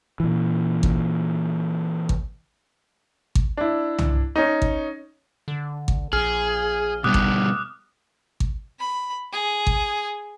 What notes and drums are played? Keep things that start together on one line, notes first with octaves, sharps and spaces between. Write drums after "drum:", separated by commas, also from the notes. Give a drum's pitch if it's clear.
A#2 E3
drum: kick G#1
drum: kick G#1
drum: kick G#1
D4 E4
drum: tom C2
C#4 D#4
drum: kick G#1
D3
drum: kick G#1
A#1 G#4 F6
B2 G3 B3 D6 D#6 F#6
drum: kick G#1
drum: kick G#1
B5
G#4
drum: kick G#1